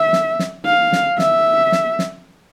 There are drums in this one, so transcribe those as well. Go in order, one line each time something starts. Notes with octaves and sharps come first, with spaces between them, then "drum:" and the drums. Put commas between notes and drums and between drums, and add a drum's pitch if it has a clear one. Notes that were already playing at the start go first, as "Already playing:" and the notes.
Already playing: E5
drum: snare
drum: snare
F5
drum: snare
E5, drum: snare
drum: snare
drum: snare